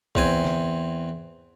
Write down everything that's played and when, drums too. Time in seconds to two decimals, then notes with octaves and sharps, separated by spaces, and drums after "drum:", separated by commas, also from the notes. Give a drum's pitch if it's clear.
0.15 E2 C4 G#5, drum: kick
0.44 drum: snare